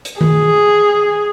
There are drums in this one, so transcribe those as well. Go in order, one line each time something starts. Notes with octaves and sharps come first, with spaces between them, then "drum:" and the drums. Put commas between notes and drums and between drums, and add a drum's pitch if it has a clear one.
drum: hi-hat
G#4, drum: tom D#3